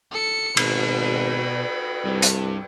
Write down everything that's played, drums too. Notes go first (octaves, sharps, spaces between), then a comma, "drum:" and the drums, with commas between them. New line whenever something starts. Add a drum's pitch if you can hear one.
A4 C#7
G#1 B2 B5, drum: cymbal
C2 G2
drum: hi-hat